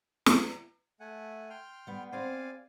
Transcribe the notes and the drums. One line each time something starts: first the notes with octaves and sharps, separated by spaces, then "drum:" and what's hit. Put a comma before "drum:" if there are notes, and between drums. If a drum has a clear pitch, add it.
drum: snare
A3 F#5 G#5
G5 C6 F6
G3 B3
C4 G#4 C5 D5 F5 G#5